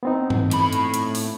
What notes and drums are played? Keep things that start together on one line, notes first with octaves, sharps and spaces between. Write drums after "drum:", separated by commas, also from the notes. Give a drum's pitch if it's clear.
B3 C4 D#4
drum: tom
A2 B5, drum: hi-hat
drum: hi-hat
drum: hi-hat
drum: open hi-hat